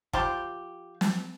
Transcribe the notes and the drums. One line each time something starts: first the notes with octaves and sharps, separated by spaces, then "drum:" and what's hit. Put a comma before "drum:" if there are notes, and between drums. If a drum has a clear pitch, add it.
F3 G4 C6, drum: kick
drum: snare